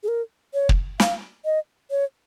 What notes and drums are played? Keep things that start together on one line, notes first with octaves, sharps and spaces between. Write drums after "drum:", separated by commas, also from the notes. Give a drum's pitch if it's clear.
G#4
A#4
C#5
drum: kick
F5, drum: snare
D#5
C#5